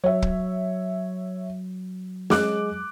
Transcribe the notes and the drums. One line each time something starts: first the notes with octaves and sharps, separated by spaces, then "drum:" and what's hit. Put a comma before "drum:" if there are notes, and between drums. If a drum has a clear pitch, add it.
F#3 C#5 E5
drum: kick
G#3 D6 F#6, drum: snare